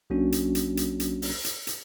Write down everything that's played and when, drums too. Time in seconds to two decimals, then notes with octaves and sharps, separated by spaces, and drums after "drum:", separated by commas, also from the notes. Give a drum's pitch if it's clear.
0.10 B1 F#3 A#3 C#4 D4 F#4
0.32 drum: hi-hat
0.55 drum: hi-hat
0.77 drum: hi-hat
1.00 drum: hi-hat
1.22 drum: open hi-hat
1.44 drum: hi-hat
1.67 drum: hi-hat